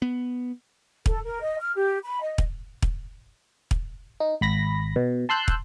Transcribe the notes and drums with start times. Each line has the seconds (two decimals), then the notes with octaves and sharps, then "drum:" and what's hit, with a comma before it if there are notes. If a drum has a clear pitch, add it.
0.02 B3
1.06 A4, drum: kick
1.24 A#4
1.42 D#5
1.59 F6
1.75 G4
2.04 B5
2.22 D#5
2.38 drum: kick
2.82 drum: kick
3.71 drum: kick
4.20 D#4
4.41 G#1 B5 A#6
4.96 B2
5.29 A5 C6 E6 F#6 G6
5.48 drum: kick